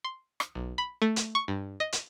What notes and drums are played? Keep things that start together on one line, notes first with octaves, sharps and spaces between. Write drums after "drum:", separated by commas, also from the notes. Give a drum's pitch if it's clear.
C6
drum: rim click
B1
B5
A3
drum: hi-hat
C#6
G2
D#5
drum: hi-hat